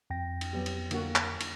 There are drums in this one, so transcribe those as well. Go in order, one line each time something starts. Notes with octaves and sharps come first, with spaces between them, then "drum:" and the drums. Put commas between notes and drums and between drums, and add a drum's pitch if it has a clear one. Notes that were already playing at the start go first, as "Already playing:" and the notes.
F2 G5 A#6
drum: cymbal
F#3 B3 G4
drum: cymbal
D3 A#3 F#4, drum: cymbal
drum: clap
drum: cymbal